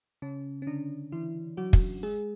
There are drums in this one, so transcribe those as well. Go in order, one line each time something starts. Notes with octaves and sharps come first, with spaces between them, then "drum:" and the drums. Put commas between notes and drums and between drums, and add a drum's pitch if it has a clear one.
C#3 C#4
C#4
D3 D4
E3 E4
F#3 F#4
drum: kick
G#3 G#4